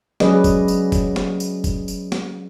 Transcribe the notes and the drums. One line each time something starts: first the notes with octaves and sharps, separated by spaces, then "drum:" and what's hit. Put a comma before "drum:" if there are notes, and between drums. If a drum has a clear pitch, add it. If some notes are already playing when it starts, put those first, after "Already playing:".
F#3 C#4 G#4 B4 D5 D#5, drum: snare
drum: kick, tambourine
drum: tambourine
drum: kick, tambourine
drum: snare
drum: tambourine
drum: kick, tambourine
drum: tambourine
drum: snare